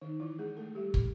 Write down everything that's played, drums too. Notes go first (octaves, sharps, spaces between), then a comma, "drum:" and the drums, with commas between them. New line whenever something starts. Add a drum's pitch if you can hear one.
D#3 D#4
E3 E4
G#3 G#4
A3 A4
G3 G4
drum: kick